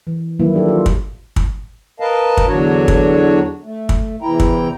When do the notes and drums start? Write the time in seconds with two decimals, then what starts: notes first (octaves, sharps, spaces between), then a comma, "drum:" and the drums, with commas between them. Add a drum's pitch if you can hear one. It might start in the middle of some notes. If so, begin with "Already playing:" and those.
0.07 E3
0.39 D#3 F3 F#3 A#3 E4 B4
0.54 D4 G4 A4
0.66 F4 F#4
0.86 drum: kick
1.36 drum: kick
2.00 A#4 B4 D#5 F5 A5
2.37 drum: kick
2.47 E2 D3 F#3 D4 F#4 C#5
2.88 drum: kick
3.64 A3
3.89 drum: kick
4.22 E2 C3 E3 E4 G5 A#5
4.40 drum: kick